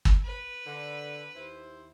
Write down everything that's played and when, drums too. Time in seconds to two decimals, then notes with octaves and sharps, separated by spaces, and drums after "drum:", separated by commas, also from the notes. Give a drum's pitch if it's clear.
0.05 drum: kick
0.24 B4
0.66 D3
1.34 D#2 E4 C5